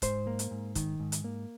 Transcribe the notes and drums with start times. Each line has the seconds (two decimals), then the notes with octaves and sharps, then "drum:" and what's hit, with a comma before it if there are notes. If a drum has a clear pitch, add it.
0.02 G#2 C5, drum: kick, hi-hat
0.27 A#3
0.39 drum: hi-hat
0.51 G#2
0.75 D#3, drum: kick, hi-hat
1.00 G#2
1.12 drum: hi-hat
1.24 A#3